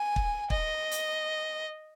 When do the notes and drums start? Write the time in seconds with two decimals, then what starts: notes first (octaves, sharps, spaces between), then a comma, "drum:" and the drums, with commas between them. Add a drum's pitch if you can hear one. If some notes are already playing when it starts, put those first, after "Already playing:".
Already playing: G#5
0.16 drum: kick
0.50 D#5, drum: kick
0.92 drum: hi-hat